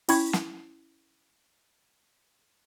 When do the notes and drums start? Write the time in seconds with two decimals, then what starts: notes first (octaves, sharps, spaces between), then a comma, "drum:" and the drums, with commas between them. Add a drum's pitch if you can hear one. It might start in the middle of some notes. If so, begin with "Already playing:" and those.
0.09 C#4 E4 G5 B5 C#6 G#6, drum: open hi-hat
0.33 drum: snare